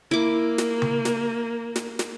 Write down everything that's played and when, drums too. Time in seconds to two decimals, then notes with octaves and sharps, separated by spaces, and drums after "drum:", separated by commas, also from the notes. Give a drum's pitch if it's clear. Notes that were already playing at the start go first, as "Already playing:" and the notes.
0.11 A#3 E4 D6
0.58 drum: snare
0.82 drum: tom C#3
1.05 drum: snare
1.76 drum: snare
1.99 drum: snare